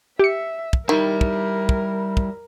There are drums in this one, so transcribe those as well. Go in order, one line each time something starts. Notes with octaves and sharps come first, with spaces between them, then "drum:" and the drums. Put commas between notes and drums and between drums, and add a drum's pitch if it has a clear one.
G4 E5 C#7
drum: kick
D#3 G3 E4 A#4
drum: kick
drum: kick
drum: kick